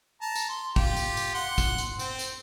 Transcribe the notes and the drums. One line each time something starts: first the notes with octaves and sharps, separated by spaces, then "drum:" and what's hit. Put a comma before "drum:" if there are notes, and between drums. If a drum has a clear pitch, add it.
A5 A#5
drum: tambourine
C6
F4 G4, drum: kick
drum: tambourine
drum: tambourine
F#5 C6
drum: kick, tambourine
drum: tambourine
C4, drum: tambourine
drum: tambourine